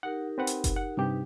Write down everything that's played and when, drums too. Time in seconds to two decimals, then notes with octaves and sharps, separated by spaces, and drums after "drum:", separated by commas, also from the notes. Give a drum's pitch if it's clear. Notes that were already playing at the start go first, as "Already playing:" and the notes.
0.03 D#4 G4 A#4 F#5
0.38 C4 B4 F#5
0.47 drum: hi-hat
0.64 drum: kick F#1, hi-hat
0.77 F#5
0.97 G2 C3 D#4 G4 B4